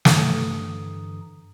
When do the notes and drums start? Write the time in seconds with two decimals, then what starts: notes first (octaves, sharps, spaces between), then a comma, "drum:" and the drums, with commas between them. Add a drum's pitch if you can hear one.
0.05 G2 D3 E3 A#5 D#6, drum: snare